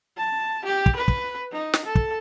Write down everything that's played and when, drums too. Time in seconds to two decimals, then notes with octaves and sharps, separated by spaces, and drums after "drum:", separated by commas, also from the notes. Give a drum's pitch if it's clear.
0.17 A5
0.65 G4
0.86 drum: kick
0.96 B4
1.08 drum: kick
1.52 D#4
1.74 drum: snare
1.85 A4
1.95 drum: kick